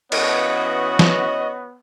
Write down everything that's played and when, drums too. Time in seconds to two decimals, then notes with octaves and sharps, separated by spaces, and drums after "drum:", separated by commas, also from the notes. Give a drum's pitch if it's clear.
0.12 E3 B3 C#4 F#4 C#5 D#5, drum: cymbal
0.99 drum: snare